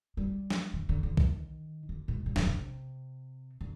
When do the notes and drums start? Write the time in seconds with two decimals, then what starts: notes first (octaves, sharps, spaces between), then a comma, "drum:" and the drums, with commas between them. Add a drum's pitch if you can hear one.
0.17 G3
0.50 drum: snare
0.73 D#3
0.89 D3
1.03 D3
1.17 D#3, drum: kick A#1
1.89 D3
2.08 G#2
2.26 G2
2.36 D3, drum: snare
2.46 C3
3.61 D3